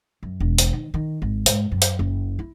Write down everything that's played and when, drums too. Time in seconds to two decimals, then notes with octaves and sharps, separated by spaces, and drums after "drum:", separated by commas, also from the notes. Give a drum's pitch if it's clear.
0.23 F#2
0.40 E1
0.58 drum: hi-hat
0.73 D#3
0.94 D#3
1.22 G#1
1.46 G#2, drum: hi-hat
1.72 F#2
1.82 drum: hi-hat
1.99 F#1
2.39 E4